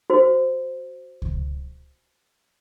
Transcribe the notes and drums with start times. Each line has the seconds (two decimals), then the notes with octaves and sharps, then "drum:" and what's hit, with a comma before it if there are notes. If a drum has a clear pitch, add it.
0.10 F#4 C5
1.22 drum: kick C#2